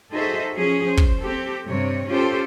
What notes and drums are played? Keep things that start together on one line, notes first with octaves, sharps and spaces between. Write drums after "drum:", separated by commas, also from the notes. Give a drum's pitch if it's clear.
D#4 F#4 G#4 A4 C5 E5
F3 C#4 G#4
C5
drum: kick
C4 G4 A4
G2 C3 C#5
C#4 F4 G4 A4 C5